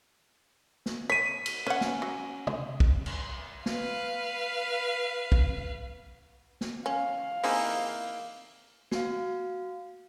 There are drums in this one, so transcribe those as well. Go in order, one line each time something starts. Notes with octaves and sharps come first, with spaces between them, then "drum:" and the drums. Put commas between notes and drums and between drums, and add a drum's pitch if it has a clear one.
drum: snare
C#5 B6 D#7
drum: cymbal
C#4 B4 F#5
drum: snare
F#3
drum: tom
drum: kick
drum: cymbal
B4 F5, drum: snare
drum: kick
drum: snare
C#4 F5
A#3 C4 D#4 E4 G#4, drum: open hi-hat
F#4 F5, drum: snare